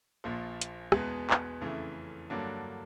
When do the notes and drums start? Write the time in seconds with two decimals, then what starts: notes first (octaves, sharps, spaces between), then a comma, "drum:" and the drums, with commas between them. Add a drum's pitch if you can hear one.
0.24 A#1 A#2 F3
0.61 drum: hi-hat
0.92 E2 B2 G#3 B3, drum: rim click
1.30 drum: clap
1.61 F2 C#3 E3 A3
2.30 G2 D3 F#3 A#3 D4